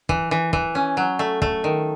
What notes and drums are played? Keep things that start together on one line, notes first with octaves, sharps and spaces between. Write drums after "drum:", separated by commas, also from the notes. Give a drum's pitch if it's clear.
E3, drum: kick
E3
E3, drum: kick
C#4
F#3
A3
A3, drum: kick
D#3